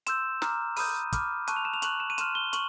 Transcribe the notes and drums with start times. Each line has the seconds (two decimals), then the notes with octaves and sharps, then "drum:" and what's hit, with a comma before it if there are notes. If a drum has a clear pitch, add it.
0.07 C6 E6 G6 E7, drum: hi-hat
0.42 A#5 D6 F6, drum: snare
0.77 B5 D#6 G6 D#7, drum: open hi-hat
1.12 B5 D6 F6, drum: kick, hi-hat
1.47 A5 C#6 F#6 D#7, drum: hi-hat
1.56 F7
1.65 E7
1.74 F7
1.82 C#6 F#6 F#7, drum: hi-hat
2.00 E7
2.10 D#7
2.18 C6 F6 E7, drum: hi-hat
2.35 G7
2.53 C#6 F#7, drum: hi-hat